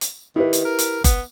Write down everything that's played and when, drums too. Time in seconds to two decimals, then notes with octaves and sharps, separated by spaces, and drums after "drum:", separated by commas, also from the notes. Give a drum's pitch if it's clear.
0.01 drum: hi-hat
0.36 D#3 E4 G4 B4
0.53 drum: hi-hat
0.65 A#4
0.79 drum: hi-hat
1.04 B3, drum: kick F#1, hi-hat